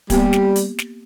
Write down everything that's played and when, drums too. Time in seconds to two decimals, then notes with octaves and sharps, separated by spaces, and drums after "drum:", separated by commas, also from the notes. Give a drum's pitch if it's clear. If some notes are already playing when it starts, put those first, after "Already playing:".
0.10 G3 A#3 B3 G4, drum: kick D1, hi-hat
0.33 drum: snare
0.56 drum: hi-hat
0.79 drum: snare